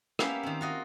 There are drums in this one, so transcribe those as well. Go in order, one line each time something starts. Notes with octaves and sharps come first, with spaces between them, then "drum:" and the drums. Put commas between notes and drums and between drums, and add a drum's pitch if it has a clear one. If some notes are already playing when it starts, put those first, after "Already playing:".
A#3 B3 C#4 G4 E5 F5, drum: rim click
D#3 C4
F4 F#4 D#5